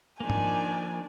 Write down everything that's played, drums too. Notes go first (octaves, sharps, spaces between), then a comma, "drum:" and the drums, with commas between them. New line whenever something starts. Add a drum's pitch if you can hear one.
D#3 F3 A#3 D4 G#5
drum: tom G#2